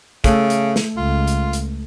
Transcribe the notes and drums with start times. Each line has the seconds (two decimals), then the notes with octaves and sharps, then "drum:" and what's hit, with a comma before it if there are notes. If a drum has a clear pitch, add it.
0.24 C#3 A3 A4, drum: kick, hi-hat
0.50 drum: hi-hat
0.76 drum: snare
0.97 C#2 F4
1.27 drum: hi-hat
1.53 drum: hi-hat